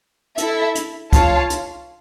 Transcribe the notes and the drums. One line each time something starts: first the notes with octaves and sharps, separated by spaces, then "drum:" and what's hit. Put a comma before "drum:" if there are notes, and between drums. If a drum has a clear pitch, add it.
E4 A4 E5, drum: hi-hat
drum: hi-hat
F4 C#5 F5 A5, drum: kick C#2, hi-hat
drum: hi-hat